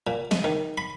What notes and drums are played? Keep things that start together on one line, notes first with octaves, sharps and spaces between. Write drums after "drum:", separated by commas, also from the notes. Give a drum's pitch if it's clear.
A#2
G#3, drum: snare
D#3
B5